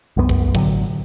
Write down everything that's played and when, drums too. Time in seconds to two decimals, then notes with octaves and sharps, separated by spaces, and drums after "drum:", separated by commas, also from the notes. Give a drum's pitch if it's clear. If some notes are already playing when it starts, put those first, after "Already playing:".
0.17 C2 F#2 G#3 B3
0.29 drum: kick
0.55 A2 D3 F#3, drum: kick